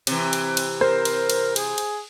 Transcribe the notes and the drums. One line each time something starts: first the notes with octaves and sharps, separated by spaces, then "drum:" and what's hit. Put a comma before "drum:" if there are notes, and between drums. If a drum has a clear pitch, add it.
C3 E3, drum: cymbal
drum: cymbal
drum: cymbal
A#4 C5, drum: rim click
drum: cymbal
drum: cymbal
G#4, drum: cymbal
drum: cymbal